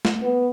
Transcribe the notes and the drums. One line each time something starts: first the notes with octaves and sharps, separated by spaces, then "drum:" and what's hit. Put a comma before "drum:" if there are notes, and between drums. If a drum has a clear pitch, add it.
drum: snare
B3